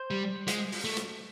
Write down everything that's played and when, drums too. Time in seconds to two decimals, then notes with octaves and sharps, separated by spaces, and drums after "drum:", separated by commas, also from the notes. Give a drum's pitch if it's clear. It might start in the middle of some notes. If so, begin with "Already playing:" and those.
Already playing: C5
0.11 G3
0.48 G#3, drum: hi-hat
0.72 drum: open hi-hat
0.84 A3
0.97 drum: hi-hat